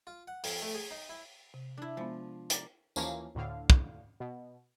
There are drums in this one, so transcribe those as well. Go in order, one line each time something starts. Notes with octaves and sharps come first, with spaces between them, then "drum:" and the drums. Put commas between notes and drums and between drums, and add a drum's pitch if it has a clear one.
F4
F#5
F2, drum: open hi-hat
A3
G#4
D#4
E4
C3
D4 E4
F3 G#3 B3
D5 A#5, drum: hi-hat
D#2 E3 F3 A#3 C#4, drum: tambourine
D2 A2 D3 F5
drum: kick
B2